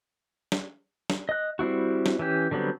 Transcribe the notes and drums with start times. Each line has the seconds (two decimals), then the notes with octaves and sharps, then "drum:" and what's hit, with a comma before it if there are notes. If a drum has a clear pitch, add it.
0.52 drum: snare
1.10 drum: snare
1.29 D#5 F#6
1.59 G3 C4 E4 F#4
2.06 drum: snare
2.19 E3 C#4 G4
2.51 D3 F#3 G3 B3 C4